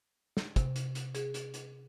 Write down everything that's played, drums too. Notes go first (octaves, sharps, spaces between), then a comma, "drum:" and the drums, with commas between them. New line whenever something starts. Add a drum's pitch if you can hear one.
drum: snare
C3, drum: kick, hi-hat
drum: hi-hat
drum: hi-hat
G#4, drum: hi-hat
drum: hi-hat
drum: hi-hat